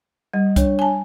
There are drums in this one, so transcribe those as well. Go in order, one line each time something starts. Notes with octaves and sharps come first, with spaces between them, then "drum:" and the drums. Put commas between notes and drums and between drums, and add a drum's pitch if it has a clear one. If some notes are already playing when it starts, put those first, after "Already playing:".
G3 D#5
D4 C#5, drum: kick C2, hi-hat
G#5 A5